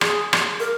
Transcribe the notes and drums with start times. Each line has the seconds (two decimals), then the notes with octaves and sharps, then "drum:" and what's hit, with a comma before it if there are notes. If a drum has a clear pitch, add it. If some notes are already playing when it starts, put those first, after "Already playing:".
0.01 G#4, drum: rim click
0.33 drum: rim click
0.60 A#4